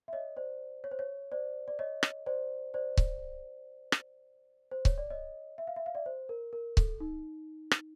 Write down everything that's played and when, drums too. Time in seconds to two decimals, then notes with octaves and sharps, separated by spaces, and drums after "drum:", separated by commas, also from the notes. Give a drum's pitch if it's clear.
0.08 E5
0.13 C#5 D#5
0.37 C5 D5
0.84 C#5
0.91 C5
0.99 C#5
1.32 C5 D5
1.68 D5
1.79 C#5 D#5
2.03 drum: rim click
2.26 C5 D5
2.74 C5 D5
2.97 drum: kick C#1
3.92 drum: rim click
4.71 C5
4.85 C#5, drum: kick C#1
4.98 D5
5.10 C#5 D#5
5.58 E5
5.67 F5
5.76 E5
5.86 F5
5.95 D5 E5
6.06 C5
6.29 A#4
6.53 A#4
6.77 A4, drum: kick C#1
7.00 D#4
7.71 drum: rim click